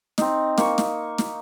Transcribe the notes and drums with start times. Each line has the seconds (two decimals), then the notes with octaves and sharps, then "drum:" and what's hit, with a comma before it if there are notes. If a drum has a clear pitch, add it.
0.18 C4 D#4, drum: snare
0.58 A#3 C#6, drum: snare
0.78 drum: snare
1.18 drum: snare